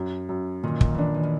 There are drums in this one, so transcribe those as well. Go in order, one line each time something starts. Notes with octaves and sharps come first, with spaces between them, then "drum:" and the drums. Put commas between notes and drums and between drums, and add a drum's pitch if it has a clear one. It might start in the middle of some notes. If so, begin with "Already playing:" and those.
Already playing: F#2
F#2
A#2 D#3
drum: kick
D#3 E3 D4
E3
D#3